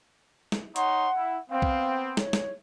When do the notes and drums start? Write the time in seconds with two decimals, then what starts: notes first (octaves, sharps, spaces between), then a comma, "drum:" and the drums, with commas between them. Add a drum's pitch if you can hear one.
0.52 drum: snare
0.76 D#4 C#5 F#5 C6, drum: hi-hat
1.16 E4
1.50 B3 C4 F5
1.62 drum: kick
2.17 C#5, drum: snare
2.33 drum: snare